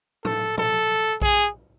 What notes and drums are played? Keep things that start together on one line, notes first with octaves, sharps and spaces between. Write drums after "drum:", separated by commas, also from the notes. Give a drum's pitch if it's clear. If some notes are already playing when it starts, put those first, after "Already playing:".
A4, drum: tom A2
A4, drum: tom
G#4, drum: kick A#1